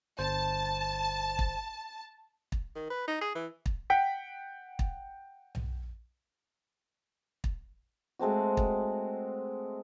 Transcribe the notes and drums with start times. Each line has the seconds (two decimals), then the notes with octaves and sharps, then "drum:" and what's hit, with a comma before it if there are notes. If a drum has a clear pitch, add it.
0.19 G1 C5 A5
1.39 drum: kick
2.52 drum: kick
2.75 D#3
2.91 B4
3.08 D#4
3.21 G#4
3.35 E3
3.66 drum: kick
3.90 F#5 G5 B6
4.79 drum: kick
5.55 drum: tom B1
7.44 drum: kick
8.19 G#3 A3 C4 F#4
8.57 drum: kick